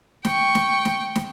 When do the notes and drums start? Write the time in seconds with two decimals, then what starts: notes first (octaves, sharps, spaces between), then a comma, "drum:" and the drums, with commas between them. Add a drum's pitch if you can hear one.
0.25 G5 C#6, drum: snare
0.55 drum: snare
0.85 drum: snare
1.15 drum: snare